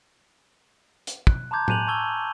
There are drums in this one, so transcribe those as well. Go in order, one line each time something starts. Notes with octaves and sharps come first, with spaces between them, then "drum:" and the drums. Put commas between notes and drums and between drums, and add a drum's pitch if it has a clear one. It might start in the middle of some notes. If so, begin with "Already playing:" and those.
drum: hi-hat
F#6, drum: kick
A5 A#5 C6 D6 G6 G#6
G#5 F#6 D#7 F7 F#7, drum: tom A2
A5 C#6 E6 G#6 G7